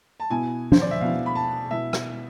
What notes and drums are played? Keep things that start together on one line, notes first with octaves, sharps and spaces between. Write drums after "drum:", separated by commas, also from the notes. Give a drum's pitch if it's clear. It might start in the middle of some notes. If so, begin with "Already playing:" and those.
A5
B2 B3 E4 G#5
C5, drum: tom
D5
E5
B2 B3 E4 F5
B5
A5
B2 B3 E4 E5
drum: rim click